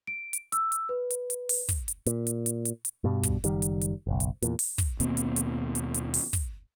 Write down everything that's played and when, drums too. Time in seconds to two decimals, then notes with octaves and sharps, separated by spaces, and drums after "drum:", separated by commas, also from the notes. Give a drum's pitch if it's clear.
0.07 D7
0.33 drum: hi-hat
0.52 E6, drum: hi-hat
0.72 drum: hi-hat
0.89 B4
1.10 drum: hi-hat
1.30 drum: hi-hat
1.49 drum: open hi-hat
1.69 drum: kick, hi-hat
1.88 drum: hi-hat
2.06 A#2, drum: hi-hat
2.27 drum: hi-hat
2.46 drum: hi-hat
2.65 drum: hi-hat
2.85 drum: hi-hat
3.04 G2 B2 G3
3.23 drum: kick, hi-hat
3.44 F#1 D#3 G3, drum: hi-hat
3.62 drum: hi-hat
3.81 drum: hi-hat
4.07 F#1 B1
4.20 drum: hi-hat
4.42 E2 A#2, drum: hi-hat
4.59 drum: open hi-hat
4.78 drum: kick, hi-hat
5.00 D#2 B2 A#3 C4, drum: hi-hat
5.17 drum: hi-hat
5.36 drum: hi-hat
5.75 drum: hi-hat
5.94 drum: hi-hat
6.14 drum: open hi-hat
6.33 drum: kick, hi-hat